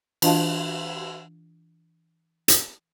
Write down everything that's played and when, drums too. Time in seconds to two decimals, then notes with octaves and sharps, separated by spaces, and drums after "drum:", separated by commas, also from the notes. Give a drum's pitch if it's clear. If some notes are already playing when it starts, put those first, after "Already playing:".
0.22 E3 D4 F4 D#5 F5 A5, drum: cymbal
2.48 drum: hi-hat